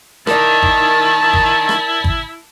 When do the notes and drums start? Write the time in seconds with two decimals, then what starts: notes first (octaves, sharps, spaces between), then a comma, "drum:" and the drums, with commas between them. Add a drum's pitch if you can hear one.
0.27 D#3 E4 A#4 D5 A5, drum: rim click
0.63 drum: kick G#1
1.33 drum: kick G#1
1.69 drum: rim click
2.04 drum: kick G#1